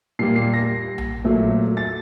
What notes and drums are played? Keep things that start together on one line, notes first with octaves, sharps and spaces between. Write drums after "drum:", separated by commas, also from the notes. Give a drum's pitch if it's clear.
A#2 G3 A#3 C7
C7
A#6
drum: tom A#1
A#2 F#3 A3
A6